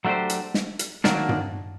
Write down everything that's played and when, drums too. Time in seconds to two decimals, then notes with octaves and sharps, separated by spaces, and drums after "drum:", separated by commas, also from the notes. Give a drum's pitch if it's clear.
0.05 F#3 A3 D4 G4 C5
0.30 drum: hi-hat
0.54 drum: snare
0.79 drum: hi-hat
1.04 D#3 F#3 A#3 D4, drum: snare
1.29 drum: tom G2